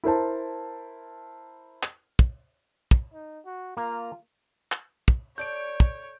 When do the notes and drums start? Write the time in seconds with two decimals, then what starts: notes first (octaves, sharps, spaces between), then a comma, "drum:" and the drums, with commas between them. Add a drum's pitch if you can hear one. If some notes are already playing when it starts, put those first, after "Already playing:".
0.04 E4 A#4 C5 A5
1.83 drum: clap
2.19 drum: kick
2.91 drum: kick
3.13 D#4
3.45 F#4
3.77 A#3 F4 A#5
4.72 drum: clap
5.08 drum: kick
5.38 A4 C#5 D5 G6 D7
5.80 drum: kick